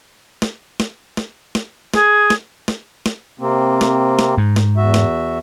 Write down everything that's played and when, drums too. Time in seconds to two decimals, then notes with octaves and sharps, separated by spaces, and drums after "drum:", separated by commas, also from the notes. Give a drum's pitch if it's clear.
0.42 drum: snare
0.80 drum: snare
1.17 drum: snare
1.55 drum: snare
1.94 G#4, drum: snare
2.30 drum: snare
2.68 drum: snare
3.06 drum: snare
3.39 C3 A#3 C4
3.81 drum: snare
4.19 drum: snare
4.37 G#2
4.56 drum: snare
4.77 E2 F#4 E5
4.94 drum: snare